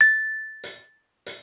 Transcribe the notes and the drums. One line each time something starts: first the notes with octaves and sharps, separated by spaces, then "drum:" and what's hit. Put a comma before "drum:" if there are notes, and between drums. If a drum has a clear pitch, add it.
A6
drum: hi-hat
drum: hi-hat